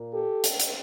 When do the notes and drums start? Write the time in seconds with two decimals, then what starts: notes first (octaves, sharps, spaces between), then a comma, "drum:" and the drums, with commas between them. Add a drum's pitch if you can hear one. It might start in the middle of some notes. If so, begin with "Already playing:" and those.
Already playing: A#2 A#3
0.12 G4 A4
0.44 drum: hi-hat
0.60 drum: hi-hat